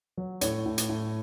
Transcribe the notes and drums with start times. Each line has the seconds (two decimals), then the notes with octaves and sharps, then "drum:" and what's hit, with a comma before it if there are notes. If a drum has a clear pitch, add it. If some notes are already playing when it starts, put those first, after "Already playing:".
0.17 F#3
0.41 A2 C#5, drum: hi-hat
0.66 A2
0.78 drum: hi-hat
0.89 A2